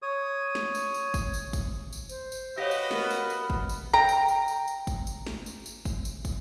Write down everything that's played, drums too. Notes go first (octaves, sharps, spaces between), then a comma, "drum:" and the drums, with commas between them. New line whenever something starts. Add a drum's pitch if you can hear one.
C#5 D#6
drum: snare
drum: tambourine
drum: tambourine
drum: kick, tambourine
drum: tambourine
drum: kick, tambourine
drum: tambourine
C5, drum: tambourine
drum: tambourine
F#4 G4 B4 C#5 D#5 F5 A#6
drum: tambourine
B3 A#4, drum: snare
drum: tambourine
drum: tambourine
drum: kick
drum: tambourine
G5 A#5
drum: tambourine
drum: tambourine
drum: tambourine
drum: tambourine
drum: kick, tambourine
drum: tambourine
drum: snare
drum: tambourine
drum: tambourine
drum: kick, tambourine
drum: tambourine
drum: kick, tambourine